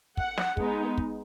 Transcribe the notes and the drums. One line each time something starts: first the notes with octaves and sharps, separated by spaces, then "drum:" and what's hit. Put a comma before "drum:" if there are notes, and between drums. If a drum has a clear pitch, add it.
F#5, drum: kick
drum: snare
G#3 B3 D#4, drum: kick
drum: kick